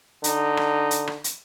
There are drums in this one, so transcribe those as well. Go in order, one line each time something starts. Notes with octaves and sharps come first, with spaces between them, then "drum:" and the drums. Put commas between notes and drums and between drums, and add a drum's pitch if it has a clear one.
D3 D#4, drum: hi-hat
drum: rim click
drum: hi-hat
drum: rim click
drum: hi-hat